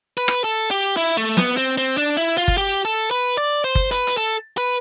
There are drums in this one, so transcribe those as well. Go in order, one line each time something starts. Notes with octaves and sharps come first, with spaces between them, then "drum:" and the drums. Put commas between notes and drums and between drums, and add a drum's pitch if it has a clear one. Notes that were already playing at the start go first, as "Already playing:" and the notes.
B4
drum: rim click
A4
G4
E4
A3
B3, drum: snare
C4
C4
D4
E4
F4
drum: kick G1
G4
A4
B4
D5
C5
drum: kick G1
B4, drum: hi-hat
drum: hi-hat
A4
B4